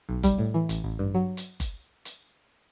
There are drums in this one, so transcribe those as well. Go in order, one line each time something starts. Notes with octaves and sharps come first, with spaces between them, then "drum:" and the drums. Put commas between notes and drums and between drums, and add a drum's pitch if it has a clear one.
B1
G3, drum: kick F#1, hi-hat
A2
E3
A1, drum: hi-hat
A1
G2
F#3
drum: hi-hat
drum: kick F#1, hi-hat
drum: hi-hat